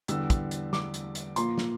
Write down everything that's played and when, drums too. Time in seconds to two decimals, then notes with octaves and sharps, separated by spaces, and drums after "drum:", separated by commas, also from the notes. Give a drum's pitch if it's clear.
0.08 E2 D3 G3 E6, drum: hi-hat
0.30 drum: kick, hi-hat
0.51 drum: hi-hat
0.73 D6, drum: snare
0.94 drum: hi-hat
1.15 drum: hi-hat
1.36 A#2 F3 A#3 C6, drum: hi-hat
1.58 drum: snare